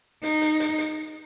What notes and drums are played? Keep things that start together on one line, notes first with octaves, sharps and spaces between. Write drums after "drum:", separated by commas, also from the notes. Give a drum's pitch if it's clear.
D#4, drum: hi-hat
drum: hi-hat
drum: hi-hat
drum: hi-hat